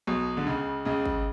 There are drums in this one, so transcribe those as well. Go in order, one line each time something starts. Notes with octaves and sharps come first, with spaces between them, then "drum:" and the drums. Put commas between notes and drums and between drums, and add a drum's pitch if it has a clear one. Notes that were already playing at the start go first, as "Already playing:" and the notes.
B1 B2
D3
C#2 C#3
C#2 C#3
drum: kick G#1